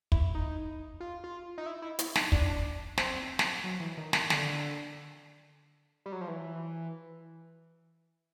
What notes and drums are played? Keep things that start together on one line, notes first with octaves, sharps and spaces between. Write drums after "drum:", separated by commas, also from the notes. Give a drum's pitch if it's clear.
E4, drum: kick
D#4
F4
F4
D#4
E4
E4
E4, drum: hi-hat
D#4, drum: snare
D4, drum: kick
C4, drum: snare
drum: snare
F#3
E3
D#3
D#3, drum: snare
D3, drum: snare
G3
F#3
F3
E3